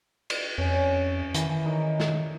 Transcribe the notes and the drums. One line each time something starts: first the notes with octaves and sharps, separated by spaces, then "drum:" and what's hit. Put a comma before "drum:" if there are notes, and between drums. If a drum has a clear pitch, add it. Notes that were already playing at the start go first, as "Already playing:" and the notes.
drum: cymbal
F2 C#4
D#3 E3, drum: hi-hat
D#4 A#4
drum: snare